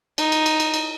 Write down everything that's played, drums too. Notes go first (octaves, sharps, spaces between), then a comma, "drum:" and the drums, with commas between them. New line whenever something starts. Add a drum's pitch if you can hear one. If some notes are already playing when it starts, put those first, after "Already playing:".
D#4, drum: cymbal
drum: cymbal
drum: cymbal
drum: cymbal
drum: cymbal